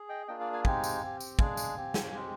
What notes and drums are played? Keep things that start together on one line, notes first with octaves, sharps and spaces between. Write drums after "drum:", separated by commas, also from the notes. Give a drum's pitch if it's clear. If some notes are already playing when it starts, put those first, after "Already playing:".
Already playing: G#4
D#5 G5
A#3 D4 F4 G#4 D#5 G5
D5 F5
F5 G#5
G#3 C4 D#4 G4 F5 G#5, drum: kick
drum: tambourine
C4 G4
drum: tambourine
G#3 D4 G#4 F5 G#5, drum: kick
drum: tambourine
C4 G4
drum: snare
G#3 C4 G4